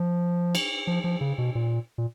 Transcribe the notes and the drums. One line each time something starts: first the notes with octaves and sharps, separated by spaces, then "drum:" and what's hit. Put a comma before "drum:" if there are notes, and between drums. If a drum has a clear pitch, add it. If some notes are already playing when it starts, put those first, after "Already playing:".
Already playing: F3
drum: cymbal
F3
F3
C#3
B2
A#2
A#2